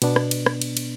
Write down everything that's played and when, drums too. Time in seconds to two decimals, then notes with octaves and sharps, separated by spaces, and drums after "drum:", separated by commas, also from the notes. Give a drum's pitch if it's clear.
0.02 B2 B3 D4, drum: cymbal
0.16 drum: rim click
0.31 drum: cymbal
0.46 drum: rim click
0.62 drum: cymbal
0.77 drum: cymbal